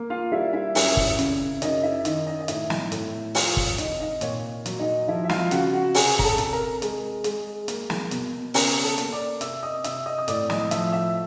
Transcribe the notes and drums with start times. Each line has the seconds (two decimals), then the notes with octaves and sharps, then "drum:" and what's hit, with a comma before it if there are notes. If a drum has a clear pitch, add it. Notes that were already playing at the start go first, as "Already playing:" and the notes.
Already playing: A#3
0.10 F4 F5
0.32 G3 E4 E5
0.53 E4 E5
0.75 F#2 E4 E5, drum: open hi-hat
0.97 drum: kick
1.19 C#3, drum: hi-hat
1.62 F#2 D#4 D#5, drum: hi-hat
1.83 E4 E5
2.05 D#3 D#4 D#5, drum: hi-hat
2.26 D#4 D#5
2.40 D#5
2.48 A2 E4 E5, drum: hi-hat
2.70 drum: snare
2.92 A2, drum: hi-hat
3.35 F2 F4 F5, drum: open hi-hat
3.57 drum: kick
3.78 C3 D#4 D#5, drum: hi-hat
4.00 D#4 D#5
4.21 A#2 C#5, drum: hi-hat
4.66 F#3, drum: hi-hat
4.80 D#4 D#5
5.08 F3 E4 E5
5.25 E5
5.29 F4 F5, drum: snare
5.51 C#3 F#4 F#5, drum: hi-hat
5.73 F#4 F#5
5.95 C3 G#4 G#5, drum: open hi-hat
6.19 A#5, drum: kick
6.24 A4 A5
6.38 C3, drum: hi-hat
6.53 A#4 A#5
6.82 G#3, drum: hi-hat
7.24 G#3, drum: hi-hat
7.68 A#3, drum: hi-hat
7.90 drum: snare
8.11 B2, drum: hi-hat
8.54 C#3 A#4 A#5, drum: open hi-hat
8.83 A4 A5
8.98 A#3, drum: hi-hat
9.12 D5 D6
9.41 C3 E5 E6, drum: hi-hat
9.63 D#5 D#6
9.84 C3 E5 E6, drum: hi-hat
10.06 D#5 D#6
10.18 D#6
10.28 A2 D5 D6, drum: hi-hat
10.50 D#5 D#6, drum: snare
10.71 F3 E5 E6, drum: hi-hat
10.92 E5 E6